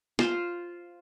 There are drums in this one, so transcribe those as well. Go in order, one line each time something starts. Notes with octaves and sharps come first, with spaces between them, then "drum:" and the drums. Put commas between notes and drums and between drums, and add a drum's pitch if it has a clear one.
F4 C5, drum: snare